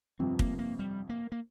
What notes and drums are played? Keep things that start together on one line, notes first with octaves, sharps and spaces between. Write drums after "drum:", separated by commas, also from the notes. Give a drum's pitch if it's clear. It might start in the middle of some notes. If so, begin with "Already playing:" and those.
G1 F2 C3 F3 C4
A#3, drum: kick
A#3
G3
A#3
A#3